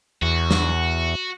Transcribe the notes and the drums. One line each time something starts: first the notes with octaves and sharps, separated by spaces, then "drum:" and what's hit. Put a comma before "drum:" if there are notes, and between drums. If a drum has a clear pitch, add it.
E2 F#4
drum: snare